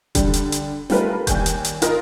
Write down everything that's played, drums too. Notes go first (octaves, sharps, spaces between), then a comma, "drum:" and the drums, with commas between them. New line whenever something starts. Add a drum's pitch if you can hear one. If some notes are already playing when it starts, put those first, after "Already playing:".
D3 G3, drum: kick E1, hi-hat
drum: hi-hat
drum: hi-hat
G3 A3 F4 A#4 B4, drum: snare
D#2 G3 G#5 G6, drum: kick E1, hi-hat
drum: hi-hat
drum: hi-hat
F4 A#4 D#5, drum: hi-hat